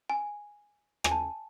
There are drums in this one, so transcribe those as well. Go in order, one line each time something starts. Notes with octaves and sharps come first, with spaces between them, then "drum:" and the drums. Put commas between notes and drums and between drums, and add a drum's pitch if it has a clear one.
G#5
G#5, drum: rim click
A5